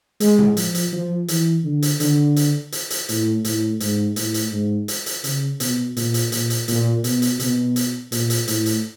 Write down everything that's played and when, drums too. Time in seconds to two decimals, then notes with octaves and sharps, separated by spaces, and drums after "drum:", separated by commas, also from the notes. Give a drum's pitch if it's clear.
0.20 G#3, drum: hi-hat
0.39 drum: tom A2
0.57 F3, drum: hi-hat
0.75 drum: hi-hat
0.92 F3
1.28 E3, drum: hi-hat
1.64 D3
1.82 drum: hi-hat
2.00 D3, drum: hi-hat
2.36 drum: hi-hat
2.72 drum: hi-hat
2.90 drum: hi-hat
3.09 A2, drum: hi-hat
3.45 A2, drum: hi-hat
3.80 G#2, drum: hi-hat
4.16 A2, drum: hi-hat
4.34 drum: hi-hat
4.52 G#2
4.88 drum: hi-hat
5.06 drum: hi-hat
5.24 C#3, drum: hi-hat
5.60 B2, drum: hi-hat
5.97 A#2, drum: hi-hat
6.14 drum: hi-hat
6.32 A#2, drum: hi-hat
6.50 drum: hi-hat
6.68 A#2, drum: hi-hat
7.04 B2, drum: hi-hat
7.22 drum: hi-hat
7.39 B2, drum: hi-hat
7.76 drum: hi-hat
8.12 A#2, drum: hi-hat
8.30 drum: hi-hat
8.48 A2, drum: hi-hat
8.66 drum: hi-hat